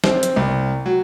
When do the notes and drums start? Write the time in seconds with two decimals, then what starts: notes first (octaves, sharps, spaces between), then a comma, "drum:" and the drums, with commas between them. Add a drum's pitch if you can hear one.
0.04 C4, drum: snare
0.23 drum: hi-hat
0.36 C2
0.86 F#3